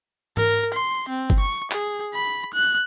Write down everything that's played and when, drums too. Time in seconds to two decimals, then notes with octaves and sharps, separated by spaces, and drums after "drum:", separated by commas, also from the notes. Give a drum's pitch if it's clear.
0.37 A#4, drum: tom G#2
0.74 C6
1.09 C4
1.30 drum: kick G1
1.39 C#6
1.72 G#4, drum: clap
2.14 B5
2.54 F#6